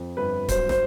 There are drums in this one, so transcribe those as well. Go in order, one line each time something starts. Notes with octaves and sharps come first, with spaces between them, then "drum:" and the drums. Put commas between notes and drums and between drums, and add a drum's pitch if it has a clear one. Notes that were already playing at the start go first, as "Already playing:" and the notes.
Already playing: F2
G1 B4
F#3 C5, drum: kick, hi-hat
C5, drum: snare